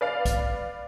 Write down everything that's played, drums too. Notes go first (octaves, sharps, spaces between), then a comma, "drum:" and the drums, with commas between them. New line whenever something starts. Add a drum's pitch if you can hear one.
B4 D5 F5
drum: kick B1, hi-hat